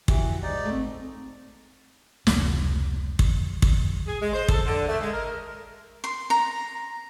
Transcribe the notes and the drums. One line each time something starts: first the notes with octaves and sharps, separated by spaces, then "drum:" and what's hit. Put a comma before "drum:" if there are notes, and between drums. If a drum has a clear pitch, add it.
E3 F#4 G4, drum: kick
G#2 D#4 D5
A3 C4
F1 C#2 E3 G3, drum: snare
drum: kick
drum: kick
G#4
G#3
C5
A4, drum: kick
D3
A3
G#3
A#4
C6
A#5